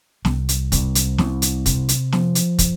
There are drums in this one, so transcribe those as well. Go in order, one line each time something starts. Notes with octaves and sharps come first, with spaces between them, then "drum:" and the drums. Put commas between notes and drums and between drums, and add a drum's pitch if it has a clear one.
C2, drum: snare
drum: hi-hat
C2, drum: kick, hi-hat
drum: hi-hat
C2, drum: snare
drum: hi-hat
C3, drum: kick, hi-hat
drum: hi-hat
F3, drum: snare
drum: hi-hat
drum: kick, hi-hat